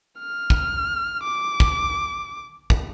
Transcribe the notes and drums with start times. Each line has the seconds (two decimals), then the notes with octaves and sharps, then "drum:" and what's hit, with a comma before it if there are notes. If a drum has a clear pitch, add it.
0.19 F6
0.50 drum: kick
1.23 D6
1.60 drum: kick
2.70 drum: kick